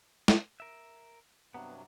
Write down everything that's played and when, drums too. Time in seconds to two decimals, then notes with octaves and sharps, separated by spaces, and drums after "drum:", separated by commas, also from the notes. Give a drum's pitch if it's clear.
0.28 drum: snare
0.60 A#4 E5
1.54 G2 C3 F#3 B3 F#5 A#5